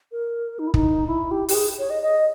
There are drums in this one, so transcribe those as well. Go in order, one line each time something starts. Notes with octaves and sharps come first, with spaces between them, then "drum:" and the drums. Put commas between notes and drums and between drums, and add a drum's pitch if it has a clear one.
A#4
D#4
E4
D#4, drum: kick
E4
G4
G4, drum: open hi-hat
G#4
C#5
D#5
D#5